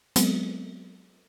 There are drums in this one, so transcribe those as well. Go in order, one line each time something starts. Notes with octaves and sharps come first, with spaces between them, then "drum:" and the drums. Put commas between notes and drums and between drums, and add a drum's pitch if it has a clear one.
F#3 G#3 B3 C4, drum: hi-hat